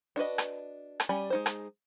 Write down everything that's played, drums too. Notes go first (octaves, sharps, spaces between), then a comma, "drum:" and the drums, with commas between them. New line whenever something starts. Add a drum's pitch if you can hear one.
D4 F#4 B4 D#5
drum: rim click
drum: rim click
G3 C#4 D5 G#5 B5
G#3 D#4 C5
drum: rim click